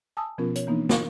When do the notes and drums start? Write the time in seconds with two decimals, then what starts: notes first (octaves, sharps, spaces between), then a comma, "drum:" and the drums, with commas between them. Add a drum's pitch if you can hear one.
0.17 G#5 A5 D#6 E6
0.38 B2 F3 B3 C#4 F4 A#4
0.55 C#5, drum: hi-hat
0.67 E3 A#3 B3 D4 D#4
0.89 A#4 C#6, drum: snare